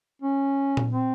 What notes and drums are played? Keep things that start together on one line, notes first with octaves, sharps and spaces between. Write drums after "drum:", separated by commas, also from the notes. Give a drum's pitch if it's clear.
C#4
drum: tom A#2
C4